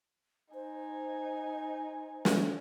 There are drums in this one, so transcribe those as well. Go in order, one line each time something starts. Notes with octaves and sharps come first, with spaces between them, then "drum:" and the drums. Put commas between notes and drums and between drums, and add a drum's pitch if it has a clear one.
D#4 C5 G#5
drum: snare